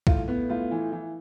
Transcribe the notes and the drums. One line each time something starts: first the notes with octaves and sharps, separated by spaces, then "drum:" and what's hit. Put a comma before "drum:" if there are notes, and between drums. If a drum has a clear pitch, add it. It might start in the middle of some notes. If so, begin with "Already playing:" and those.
A2 F4, drum: kick
B3
A2 F4
E3
E3